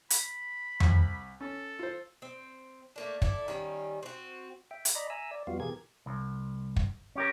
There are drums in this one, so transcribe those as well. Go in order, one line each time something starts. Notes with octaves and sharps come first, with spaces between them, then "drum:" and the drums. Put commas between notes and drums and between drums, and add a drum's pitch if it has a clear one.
B5, drum: hi-hat
C2, drum: tom F2
C#4 A4
F4 C5
C4
A3 A#3 D4
E4 A4 D5, drum: kick
D#3 G3 C#4
C4 F#4
E5 G5
drum: hi-hat
D5 D#5 A#5 B5
E5 G#5 A#5 E6
D5
F2 G3 B3 F4 F#4 F5
B2 E3 G4 G#4 A#4 G#6
C2
drum: kick
C#4 G4 A#4